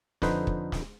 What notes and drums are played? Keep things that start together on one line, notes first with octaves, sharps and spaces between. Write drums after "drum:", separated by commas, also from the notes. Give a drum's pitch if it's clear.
F2 D3 D#4 B4 C5, drum: snare
drum: kick
drum: snare